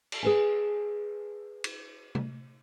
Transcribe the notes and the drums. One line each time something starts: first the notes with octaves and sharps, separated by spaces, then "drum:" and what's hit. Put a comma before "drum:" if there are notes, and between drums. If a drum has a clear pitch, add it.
drum: cymbal
G#4 B4 G#5
drum: cymbal
drum: tom C3